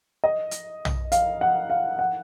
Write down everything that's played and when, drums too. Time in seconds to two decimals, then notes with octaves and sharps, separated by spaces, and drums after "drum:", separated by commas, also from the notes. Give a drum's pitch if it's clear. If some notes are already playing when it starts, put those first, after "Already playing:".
0.24 D#5
0.51 drum: hi-hat
0.85 drum: tom
1.12 F5, drum: hi-hat
1.41 F#5
1.70 F5
1.99 F#5